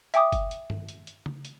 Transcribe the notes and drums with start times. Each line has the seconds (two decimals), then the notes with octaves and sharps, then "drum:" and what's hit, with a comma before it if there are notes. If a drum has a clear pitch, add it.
0.14 E5 G5 G#5 D6 D#6, drum: hi-hat
0.32 drum: kick G1, hi-hat
0.51 drum: hi-hat
0.70 drum: tom G2
0.89 drum: hi-hat
1.07 drum: hi-hat
1.26 drum: tom C#3
1.45 drum: hi-hat